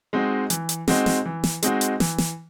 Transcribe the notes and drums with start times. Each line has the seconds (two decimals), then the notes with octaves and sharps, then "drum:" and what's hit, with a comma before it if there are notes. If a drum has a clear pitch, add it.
0.13 G#3 C4 D#4 F#4
0.50 E3, drum: hi-hat
0.69 drum: hi-hat
0.88 G#3 C4 D#4 F#4, drum: snare
1.06 drum: snare
1.25 E3
1.44 drum: snare
1.63 G#3 C4 D#4 F#4, drum: hi-hat
1.81 drum: hi-hat
2.00 E3, drum: snare
2.18 drum: snare